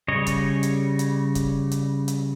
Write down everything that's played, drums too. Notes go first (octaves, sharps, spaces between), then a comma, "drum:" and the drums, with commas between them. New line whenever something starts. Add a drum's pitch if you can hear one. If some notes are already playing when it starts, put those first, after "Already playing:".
C#3 G3 C#5 D#5
drum: kick, hi-hat
drum: hi-hat
drum: hi-hat
drum: kick, hi-hat
drum: hi-hat
drum: hi-hat